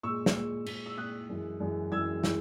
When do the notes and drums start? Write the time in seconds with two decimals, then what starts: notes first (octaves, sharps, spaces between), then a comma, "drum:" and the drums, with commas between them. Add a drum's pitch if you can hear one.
0.03 A#2 G#3 C#6 E6
0.26 drum: snare
0.35 A#2 G#3
0.66 A#2 G#3, drum: cymbal
0.86 E6
0.97 A#2 G#3 D#6 F#6
1.29 F#2 E3 G#3
1.60 F#2 E3 G#3
1.92 F#2 E3 G#3 E6 G#6
2.24 E3 G#3, drum: snare